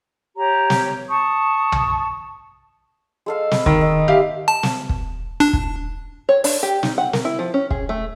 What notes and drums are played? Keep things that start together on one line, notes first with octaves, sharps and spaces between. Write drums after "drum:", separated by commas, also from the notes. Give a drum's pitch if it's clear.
G4 C#5 A#5
drum: snare
A5 C#6 D#6
drum: tom
G#3 A4 F5
B5, drum: snare
D#3 E6, drum: kick
D#5
G4 E5 F5
A5
drum: snare
drum: kick
D4
drum: kick
C#5
D4, drum: open hi-hat
G4
D#4, drum: snare
F#5
A#4, drum: snare
E4
F3
C#4
G#4, drum: kick
A3